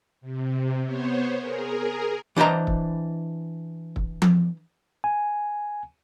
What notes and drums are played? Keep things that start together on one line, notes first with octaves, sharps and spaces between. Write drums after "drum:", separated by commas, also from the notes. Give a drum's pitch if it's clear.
C3
B3 C5 C#5
G#4 A#4
E3 D4 C5 D#5 A#5
drum: kick
drum: kick
drum: tom F3
G#5